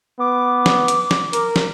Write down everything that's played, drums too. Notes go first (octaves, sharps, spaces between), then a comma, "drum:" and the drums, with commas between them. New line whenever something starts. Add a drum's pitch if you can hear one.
B3 D6
drum: snare
drum: hi-hat
drum: snare
A#4, drum: hi-hat
drum: snare